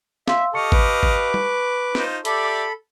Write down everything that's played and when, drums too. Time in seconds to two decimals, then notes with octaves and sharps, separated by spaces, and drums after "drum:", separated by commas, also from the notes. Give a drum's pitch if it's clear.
0.28 E5 F5 C6 E6, drum: snare
0.53 G4 A4 D#5 F5 A5 C#6 C#7
0.72 B4 D6, drum: kick
1.03 drum: kick
1.34 drum: tom
1.95 D#4 F4 C5, drum: snare
2.25 G4 A4 D5 E5 B5, drum: hi-hat